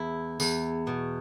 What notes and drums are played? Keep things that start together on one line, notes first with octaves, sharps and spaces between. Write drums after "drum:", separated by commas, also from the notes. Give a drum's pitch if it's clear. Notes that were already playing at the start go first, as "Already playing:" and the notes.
Already playing: E2 E4
E2, drum: tambourine
B2